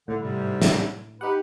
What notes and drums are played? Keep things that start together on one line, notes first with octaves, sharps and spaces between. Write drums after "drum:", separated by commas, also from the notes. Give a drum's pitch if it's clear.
A2 D3
G#2 C3 G3
drum: snare
D#4 G4 B4 F#5